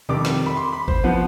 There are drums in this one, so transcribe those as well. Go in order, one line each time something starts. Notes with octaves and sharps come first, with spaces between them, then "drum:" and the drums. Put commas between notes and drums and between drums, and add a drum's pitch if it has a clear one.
F2 C3 D#3 G3 D6, drum: tom B2
drum: snare
B5
C6
B5
C5, drum: kick G#1
C3 F3 B3 B4